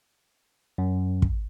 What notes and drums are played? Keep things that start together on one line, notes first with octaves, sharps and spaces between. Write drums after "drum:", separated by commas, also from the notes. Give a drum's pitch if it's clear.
F#2
drum: kick